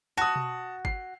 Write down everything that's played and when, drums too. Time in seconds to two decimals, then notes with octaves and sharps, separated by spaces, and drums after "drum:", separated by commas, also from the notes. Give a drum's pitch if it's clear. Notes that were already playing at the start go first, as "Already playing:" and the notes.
0.17 F#4 A5 D#6
0.36 drum: tom B2
0.85 C7, drum: kick G1